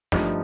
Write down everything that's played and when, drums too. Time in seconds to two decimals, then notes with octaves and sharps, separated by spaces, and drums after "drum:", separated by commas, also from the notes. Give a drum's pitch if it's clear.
0.12 G2 F3 A3 D#4 G4, drum: snare